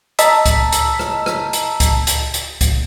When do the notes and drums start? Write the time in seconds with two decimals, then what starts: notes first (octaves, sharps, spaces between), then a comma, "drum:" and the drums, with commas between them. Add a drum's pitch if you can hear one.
0.19 D#5 A5 A#5 E6 B6, drum: hi-hat
0.46 drum: kick C#2, hi-hat
0.72 drum: hi-hat
0.99 drum: rim click
1.26 drum: rim click
1.53 drum: hi-hat
1.80 drum: kick C#2, hi-hat
2.07 drum: hi-hat
2.34 drum: hi-hat
2.61 drum: kick C#2, hi-hat